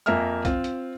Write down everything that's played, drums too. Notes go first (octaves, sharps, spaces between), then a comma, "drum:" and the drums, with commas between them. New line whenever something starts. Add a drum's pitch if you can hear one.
F2 A#3 A#4 E5 G#5 F6
C4 F4, drum: kick, hi-hat
drum: hi-hat